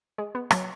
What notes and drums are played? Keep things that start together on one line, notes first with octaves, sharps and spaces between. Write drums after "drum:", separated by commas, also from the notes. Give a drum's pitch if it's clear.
G#3
B3
F#3, drum: rim click